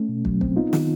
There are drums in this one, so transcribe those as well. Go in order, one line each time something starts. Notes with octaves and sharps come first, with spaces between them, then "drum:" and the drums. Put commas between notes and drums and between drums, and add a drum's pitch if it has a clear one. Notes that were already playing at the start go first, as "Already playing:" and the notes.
Already playing: A3 C#4
B2
F#3, drum: kick
C4, drum: kick
B3 D#4 F4
D#3, drum: snare